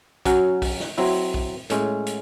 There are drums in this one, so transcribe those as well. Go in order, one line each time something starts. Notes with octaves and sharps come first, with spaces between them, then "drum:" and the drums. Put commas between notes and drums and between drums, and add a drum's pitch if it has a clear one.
F#3 C#4 F#4, drum: kick B1, hi-hat
drum: kick B1, open hi-hat
drum: snare
F#3 C4 E4, drum: open hi-hat
drum: kick B1
A2 G#3 C#4, drum: hi-hat
drum: hi-hat